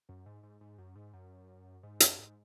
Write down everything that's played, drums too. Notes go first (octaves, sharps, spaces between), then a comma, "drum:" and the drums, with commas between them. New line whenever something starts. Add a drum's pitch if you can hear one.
F#2
G#2
G#2
G#2
F#2
G#2
F#2
G#2
F#2, drum: hi-hat
G#2